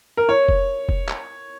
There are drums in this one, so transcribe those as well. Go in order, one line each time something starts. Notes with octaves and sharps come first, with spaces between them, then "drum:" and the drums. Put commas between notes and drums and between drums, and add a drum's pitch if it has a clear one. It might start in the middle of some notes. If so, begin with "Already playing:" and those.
A#4
C#5
drum: kick F1
drum: kick F1
drum: clap